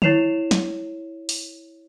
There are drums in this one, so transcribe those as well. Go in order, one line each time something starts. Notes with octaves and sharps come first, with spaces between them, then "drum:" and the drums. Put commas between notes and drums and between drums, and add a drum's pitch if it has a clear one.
E4 C#5 C7 E7 F7, drum: tom
drum: snare
drum: open hi-hat